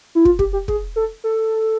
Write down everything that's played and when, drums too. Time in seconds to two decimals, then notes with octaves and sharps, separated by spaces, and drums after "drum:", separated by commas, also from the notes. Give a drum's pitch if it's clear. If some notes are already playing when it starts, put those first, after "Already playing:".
0.15 E4
0.25 F4, drum: kick
0.39 G4, drum: kick
0.53 G4
0.68 G#4, drum: kick
0.96 A4
1.24 A4